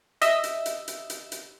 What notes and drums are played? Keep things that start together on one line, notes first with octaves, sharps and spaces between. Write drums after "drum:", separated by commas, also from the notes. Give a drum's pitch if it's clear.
D#5 E5 E6, drum: hi-hat
drum: hi-hat
drum: hi-hat
drum: hi-hat
drum: hi-hat
drum: hi-hat